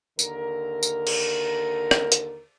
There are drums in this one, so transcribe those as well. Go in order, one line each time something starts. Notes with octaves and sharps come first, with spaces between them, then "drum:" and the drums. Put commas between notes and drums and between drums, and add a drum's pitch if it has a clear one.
D#2 D3 A#4, drum: tambourine
drum: tambourine
drum: cymbal
drum: rim click
drum: hi-hat